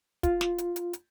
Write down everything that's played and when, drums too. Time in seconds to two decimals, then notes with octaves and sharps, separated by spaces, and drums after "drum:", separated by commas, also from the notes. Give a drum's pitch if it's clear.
0.23 F4, drum: kick, hi-hat
0.41 drum: snare
0.58 drum: hi-hat
0.76 drum: hi-hat
0.93 drum: hi-hat